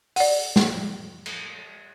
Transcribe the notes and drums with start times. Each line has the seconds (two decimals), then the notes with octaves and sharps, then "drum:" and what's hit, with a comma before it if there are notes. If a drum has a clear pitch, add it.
0.16 D5 F#5, drum: open hi-hat
0.56 drum: snare
1.26 drum: cymbal